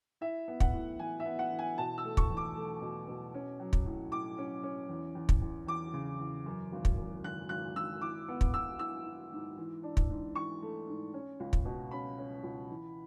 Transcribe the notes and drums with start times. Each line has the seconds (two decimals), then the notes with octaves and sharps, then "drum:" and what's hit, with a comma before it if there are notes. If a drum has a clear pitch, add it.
0.21 E4 E5
0.48 B3
0.60 F#5, drum: kick
0.73 A2
0.99 E3 G#5
1.20 E5
1.25 B3
1.39 F#5
1.51 E3
1.59 G#5
1.78 B2 A5
1.98 E6
2.04 A3
2.17 C#6, drum: kick
2.30 E2
2.37 D6
2.56 A3
2.82 B2
3.08 B2
3.34 C#4
3.60 F#3
3.73 drum: kick
3.86 A2
4.11 A2 D6
4.38 C#4
4.63 C#4
4.89 E2
5.15 E2
5.29 drum: kick
5.42 E2
5.67 E2 D6
5.94 C#3
6.20 E2
6.46 F#2
6.72 G#1
6.85 drum: kick
6.97 F#2
7.24 G#1 F#6
7.49 G#1 F#6
7.75 G#1 E6
8.01 E4 D6
8.28 B3
8.41 drum: kick
8.54 B3 E6
8.79 E4 E6
9.06 E4
9.32 G#2
9.58 E3
9.83 D4
9.97 drum: kick
10.10 G#2
10.35 E3 C#6
10.62 A3
10.88 G#2
11.14 C#4
11.40 C#2
11.53 drum: kick
11.65 B2
11.91 C#4 B5
12.18 C#4
12.43 C#2
12.70 E3